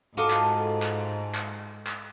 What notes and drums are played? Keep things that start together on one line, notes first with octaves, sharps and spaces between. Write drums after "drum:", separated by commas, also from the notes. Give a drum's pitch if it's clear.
G#2 F4 F#4 A4 D6 D#6
drum: clap
drum: clap
drum: clap
drum: clap